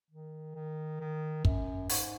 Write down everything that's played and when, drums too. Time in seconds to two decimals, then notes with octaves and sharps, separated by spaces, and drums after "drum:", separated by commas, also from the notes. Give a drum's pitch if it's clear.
0.11 D#3
0.55 D#3
1.00 D#3
1.45 F#2, drum: kick
1.89 G#2, drum: open hi-hat